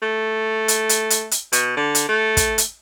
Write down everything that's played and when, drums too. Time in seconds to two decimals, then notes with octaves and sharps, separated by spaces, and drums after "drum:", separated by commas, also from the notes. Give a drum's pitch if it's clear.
0.02 A3
0.68 drum: hi-hat
0.89 drum: hi-hat
1.10 drum: hi-hat
1.31 drum: hi-hat
1.52 B2, drum: hi-hat
1.77 D3
1.95 drum: hi-hat
2.09 A3
2.37 drum: kick, hi-hat
2.58 drum: hi-hat